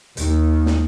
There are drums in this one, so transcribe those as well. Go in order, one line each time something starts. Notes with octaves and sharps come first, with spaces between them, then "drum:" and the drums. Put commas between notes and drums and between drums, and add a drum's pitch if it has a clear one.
D#2, drum: hi-hat
drum: snare